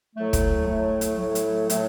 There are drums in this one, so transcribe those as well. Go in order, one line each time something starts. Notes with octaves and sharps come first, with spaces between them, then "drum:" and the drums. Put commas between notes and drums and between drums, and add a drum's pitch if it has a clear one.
A2 F#3 A3
drum: kick, hi-hat
A2 F#3 A3
drum: hi-hat
A2 F#3 A3
drum: hi-hat
A2 F#3 A3, drum: hi-hat